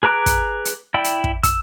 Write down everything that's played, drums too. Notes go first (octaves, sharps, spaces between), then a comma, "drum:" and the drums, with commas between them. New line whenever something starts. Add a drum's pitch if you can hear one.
G#4 B4 A#5 D6 F#6
drum: kick, hi-hat
drum: hi-hat
E4 D5 G5
drum: hi-hat
drum: kick
E6, drum: kick, hi-hat